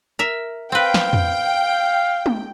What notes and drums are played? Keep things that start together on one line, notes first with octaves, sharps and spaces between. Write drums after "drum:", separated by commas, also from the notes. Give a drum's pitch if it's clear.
A#4 E5
C4 B4 F5 G5
drum: snare
drum: tom E2
drum: tom G#3